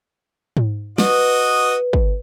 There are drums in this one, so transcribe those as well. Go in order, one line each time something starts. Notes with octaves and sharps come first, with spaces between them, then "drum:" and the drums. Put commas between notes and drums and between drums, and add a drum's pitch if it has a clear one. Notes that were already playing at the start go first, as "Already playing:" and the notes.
drum: tom G#2
F#4 B4 D#5 D#6, drum: snare
drum: kick